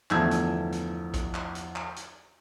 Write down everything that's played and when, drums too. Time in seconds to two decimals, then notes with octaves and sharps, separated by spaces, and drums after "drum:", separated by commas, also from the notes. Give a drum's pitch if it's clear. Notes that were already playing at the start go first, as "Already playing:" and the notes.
0.10 G1 E2 F3 A3 E6 G#6, drum: clap
0.31 drum: hi-hat
0.72 drum: hi-hat
1.14 drum: kick A#1, hi-hat
1.34 drum: clap
1.55 drum: hi-hat
1.76 drum: clap
1.96 drum: hi-hat